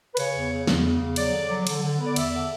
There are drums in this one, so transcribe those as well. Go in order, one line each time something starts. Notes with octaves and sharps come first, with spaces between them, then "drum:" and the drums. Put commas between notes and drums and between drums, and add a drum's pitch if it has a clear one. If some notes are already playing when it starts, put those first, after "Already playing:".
B4
C#3 C#5, drum: cymbal
E2
C#3
E2, drum: snare
C#3
E2
F#3 D5, drum: cymbal
D3
F#3
D3, drum: cymbal
D3
B3
D5
E2 E5, drum: cymbal
D3